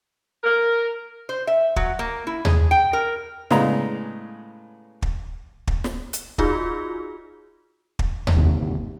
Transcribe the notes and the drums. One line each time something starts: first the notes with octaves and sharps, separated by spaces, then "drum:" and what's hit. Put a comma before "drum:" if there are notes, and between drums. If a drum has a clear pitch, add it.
A#4
C5
E5
F#3, drum: kick
A#3
E4
G#4, drum: tom D#2
G5
A#4
A2 C#3 G#3 B3 D4 A#5, drum: snare
drum: kick
drum: kick
drum: snare
drum: hi-hat
D#4 F4 F#4 G#4, drum: kick
drum: kick
drum: tom D#2
G1 D#2 C3